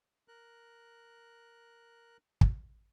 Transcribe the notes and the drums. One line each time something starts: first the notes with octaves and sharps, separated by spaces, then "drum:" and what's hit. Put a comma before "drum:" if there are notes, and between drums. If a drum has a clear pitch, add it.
A#4 F#6
drum: kick